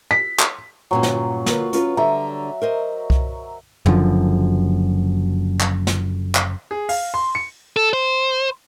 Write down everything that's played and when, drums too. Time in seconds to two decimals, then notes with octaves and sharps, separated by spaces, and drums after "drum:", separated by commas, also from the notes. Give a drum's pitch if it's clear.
0.11 B6
0.39 drum: clap
0.91 G2 A#2 F#3 C#4
1.03 drum: snare
1.46 A#3 F4 B4, drum: snare
1.73 C#4 F4 B4, drum: hi-hat
1.97 D3 G3 E5 A#5
2.62 A#4 C5 D#5
3.10 drum: kick C2
3.86 F#1 F#2 D3 F3, drum: tom
5.61 drum: clap
5.87 drum: snare
6.35 drum: clap
6.71 G#4
6.89 F5, drum: open hi-hat
7.14 C6
7.35 C#7
7.77 A4
7.93 C5